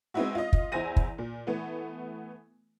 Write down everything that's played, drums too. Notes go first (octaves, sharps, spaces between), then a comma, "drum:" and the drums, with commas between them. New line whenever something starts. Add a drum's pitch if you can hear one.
G#3 B3 C4 D#4 E4 F#4
F4 D#5
drum: kick
E2 E4 C5 G#5 A#6 D#7
drum: kick
A#2
E3 A3 B3